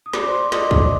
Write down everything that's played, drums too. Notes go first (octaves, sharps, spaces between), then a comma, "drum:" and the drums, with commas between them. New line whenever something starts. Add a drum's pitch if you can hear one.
D#6
D5 D6, drum: snare
C5 C6
D5 D6
D#5 D#6, drum: snare
D#6
D5 D6, drum: kick